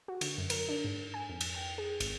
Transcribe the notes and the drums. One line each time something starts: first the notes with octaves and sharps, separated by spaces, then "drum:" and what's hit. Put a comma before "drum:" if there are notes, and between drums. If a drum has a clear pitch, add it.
F#4
D3, drum: cymbal
F#2
A#4, drum: cymbal
D4
G#2
G#5
F2
drum: cymbal
G5
G#4
G#1, drum: cymbal